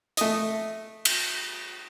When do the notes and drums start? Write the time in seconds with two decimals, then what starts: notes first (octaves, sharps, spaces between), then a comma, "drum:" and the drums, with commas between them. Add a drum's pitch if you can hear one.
0.17 A3 D#5, drum: hi-hat
1.05 drum: cymbal